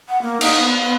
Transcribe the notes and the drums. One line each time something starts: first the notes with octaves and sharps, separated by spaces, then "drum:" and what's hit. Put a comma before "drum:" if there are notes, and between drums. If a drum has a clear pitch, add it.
F#5
A#3
D#4, drum: cymbal
B3
B3